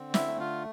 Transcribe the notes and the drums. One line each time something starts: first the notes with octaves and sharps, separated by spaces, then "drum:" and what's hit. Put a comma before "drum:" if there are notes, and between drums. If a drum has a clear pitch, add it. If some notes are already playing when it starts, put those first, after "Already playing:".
Already playing: D3 C4
E4 E5, drum: snare
A3
F4 F5